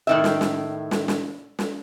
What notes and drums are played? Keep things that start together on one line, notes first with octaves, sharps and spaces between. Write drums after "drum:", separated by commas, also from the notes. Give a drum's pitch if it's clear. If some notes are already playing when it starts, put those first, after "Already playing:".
A2 D#3 E5
drum: snare
drum: snare
drum: snare
drum: snare
drum: snare